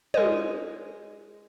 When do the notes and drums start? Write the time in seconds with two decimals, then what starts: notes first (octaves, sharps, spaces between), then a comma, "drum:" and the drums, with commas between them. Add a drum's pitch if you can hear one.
0.14 G#3 D#5, drum: tom